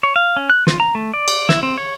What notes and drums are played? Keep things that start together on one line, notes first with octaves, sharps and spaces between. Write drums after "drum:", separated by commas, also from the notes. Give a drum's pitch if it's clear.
C#5
F5
C#4
F#6
F4, drum: snare
A#5
A3
D5
drum: cymbal
E4, drum: snare
C4
C#5